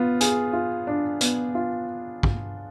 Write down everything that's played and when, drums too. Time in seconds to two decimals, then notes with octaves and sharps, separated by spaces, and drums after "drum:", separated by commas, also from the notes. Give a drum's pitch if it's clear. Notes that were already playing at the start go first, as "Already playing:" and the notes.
Already playing: B3 F4
0.21 G#4, drum: hi-hat
0.53 F4
0.87 D4
1.21 B3, drum: hi-hat
1.55 F4
2.23 drum: kick